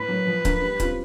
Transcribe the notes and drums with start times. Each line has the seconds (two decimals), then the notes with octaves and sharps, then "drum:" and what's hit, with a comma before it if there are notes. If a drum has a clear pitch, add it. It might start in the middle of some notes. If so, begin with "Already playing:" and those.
Already playing: A2 B4
0.08 F#3 A#3
0.27 F3
0.45 A#3 D4, drum: kick C#1, hi-hat
0.62 G3
0.80 C4 F4, drum: kick C#1, hi-hat